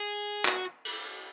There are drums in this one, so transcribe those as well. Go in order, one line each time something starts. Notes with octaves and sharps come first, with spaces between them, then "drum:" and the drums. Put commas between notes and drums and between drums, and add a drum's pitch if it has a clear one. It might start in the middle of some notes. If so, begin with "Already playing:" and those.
Already playing: G#4
F#4, drum: clap
drum: cymbal